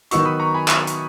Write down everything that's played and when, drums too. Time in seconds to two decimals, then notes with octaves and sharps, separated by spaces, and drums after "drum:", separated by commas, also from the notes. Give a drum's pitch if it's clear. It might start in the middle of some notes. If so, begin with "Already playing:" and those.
0.11 D#3 F#3 B3 D#4 F#4 C#6 E6, drum: hi-hat
0.25 B5 D#6
0.40 A#5 C#6
0.54 G#5 B5
0.68 B5 D#6, drum: clap
0.87 drum: hi-hat